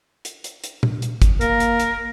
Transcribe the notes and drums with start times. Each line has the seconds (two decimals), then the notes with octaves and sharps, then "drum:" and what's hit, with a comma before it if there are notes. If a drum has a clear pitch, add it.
0.25 drum: hi-hat
0.44 drum: hi-hat
0.64 drum: hi-hat
0.83 drum: tom
1.02 drum: hi-hat
1.22 drum: kick, hi-hat
1.41 A#3 A#4, drum: hi-hat
1.60 drum: hi-hat
1.80 drum: hi-hat